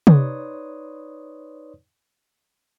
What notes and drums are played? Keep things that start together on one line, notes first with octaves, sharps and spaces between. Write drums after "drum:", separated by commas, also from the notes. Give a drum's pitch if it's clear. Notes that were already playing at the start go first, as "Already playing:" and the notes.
D#4 B4 C#5 D5 C6 D#6, drum: tom